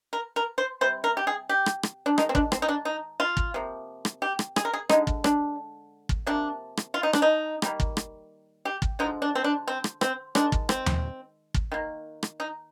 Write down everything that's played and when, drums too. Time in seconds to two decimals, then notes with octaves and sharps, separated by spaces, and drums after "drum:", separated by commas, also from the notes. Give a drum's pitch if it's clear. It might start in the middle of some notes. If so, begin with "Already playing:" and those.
0.13 A#4
0.36 A#4
0.58 C5
0.81 C3 G3 C5
1.04 A#4
1.17 G4
1.27 G#4
1.49 G4
1.66 drum: rim click
1.83 drum: rim click
2.06 D4
2.18 D#3 G#3 D#4, drum: rim click
2.29 C4
2.35 D4, drum: kick
2.52 C4, drum: rim click
2.62 D#4
2.69 D4
2.85 D#4
3.20 F4
3.37 drum: kick
3.54 C3 F3 A#3
4.05 drum: rim click
4.22 G4
4.39 drum: rim click
4.56 G#4, drum: rim click
4.65 A#4
4.73 G#4
4.89 D3 G#3 D#4, drum: rim click
5.07 drum: kick
5.24 D4, drum: rim click
6.09 drum: kick
6.27 C3 F3 A#3 D4
6.77 drum: rim click
6.94 F4
7.03 D#4
7.13 D4, drum: rim click
7.22 D#4
7.62 D#3 G3 A#3, drum: rim click
7.80 drum: kick
7.97 drum: rim click
8.65 G4
8.82 drum: kick
8.99 D3 F3 G#3 D#4
9.22 D4
9.35 C4
9.44 D4
9.68 C4
9.84 drum: rim click
10.01 C4, drum: rim click
10.35 D#3 G#3 D4, drum: rim click
10.52 drum: kick
10.69 C4, drum: rim click
10.86 drum: tom D#2
11.54 drum: kick
11.72 D#3 A#3
12.23 drum: rim click
12.40 D#4